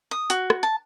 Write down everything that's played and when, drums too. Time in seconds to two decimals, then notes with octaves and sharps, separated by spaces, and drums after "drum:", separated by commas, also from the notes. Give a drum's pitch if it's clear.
0.11 D#6
0.30 F#4, drum: hi-hat
0.50 drum: rim click
0.63 A5